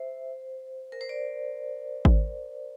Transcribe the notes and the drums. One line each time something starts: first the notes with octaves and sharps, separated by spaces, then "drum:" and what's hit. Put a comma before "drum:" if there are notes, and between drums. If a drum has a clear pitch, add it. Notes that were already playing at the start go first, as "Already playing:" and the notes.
Already playing: C5 E5
A#4
C5
D5
drum: kick G#1